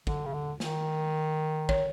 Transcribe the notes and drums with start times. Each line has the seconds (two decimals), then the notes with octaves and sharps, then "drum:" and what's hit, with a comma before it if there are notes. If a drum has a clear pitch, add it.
0.07 D3, drum: kick
0.25 C#3
0.33 D3
0.60 D#3, drum: snare
1.69 C#5, drum: kick